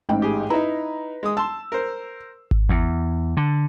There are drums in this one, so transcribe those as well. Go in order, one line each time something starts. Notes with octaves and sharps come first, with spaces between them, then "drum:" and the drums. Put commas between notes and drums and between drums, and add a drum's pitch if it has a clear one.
A1 G#2 G5
G4 G#4
D#4 E4 B4 A#5
G#3 D#6
A5 C6 E6
A#4 C5
drum: kick G#1
E2
D3